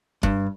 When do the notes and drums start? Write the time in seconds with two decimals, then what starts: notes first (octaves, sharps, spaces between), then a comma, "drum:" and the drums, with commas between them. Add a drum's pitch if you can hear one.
0.23 G2, drum: kick